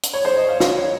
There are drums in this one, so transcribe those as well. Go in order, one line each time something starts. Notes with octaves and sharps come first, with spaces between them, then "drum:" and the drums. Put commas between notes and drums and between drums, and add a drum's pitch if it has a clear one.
drum: hi-hat
C#5
C5
D#5
F5
F5, drum: snare
C#5